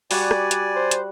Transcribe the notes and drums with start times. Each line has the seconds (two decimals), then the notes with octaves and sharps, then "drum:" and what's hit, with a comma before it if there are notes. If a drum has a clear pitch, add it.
0.11 G3 F#4 D5 F#5 G#5, drum: open hi-hat
0.31 drum: rim click
0.51 drum: hi-hat
0.75 C5
0.91 drum: hi-hat